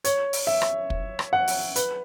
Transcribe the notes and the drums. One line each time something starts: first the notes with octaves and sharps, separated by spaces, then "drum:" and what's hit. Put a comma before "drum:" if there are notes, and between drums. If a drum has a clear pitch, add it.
C#5, drum: hi-hat
drum: open hi-hat
E5
drum: rim click
drum: kick
drum: rim click
F#5
drum: open hi-hat
B4, drum: hi-hat